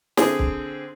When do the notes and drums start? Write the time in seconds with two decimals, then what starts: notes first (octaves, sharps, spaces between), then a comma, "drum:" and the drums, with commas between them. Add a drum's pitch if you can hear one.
0.17 D3 C4 G#4, drum: snare
0.39 drum: kick